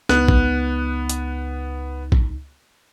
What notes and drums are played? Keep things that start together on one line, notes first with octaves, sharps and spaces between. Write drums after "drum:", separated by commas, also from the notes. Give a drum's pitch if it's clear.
C#2 B3 D#4 F#6, drum: snare
drum: kick
drum: hi-hat
drum: kick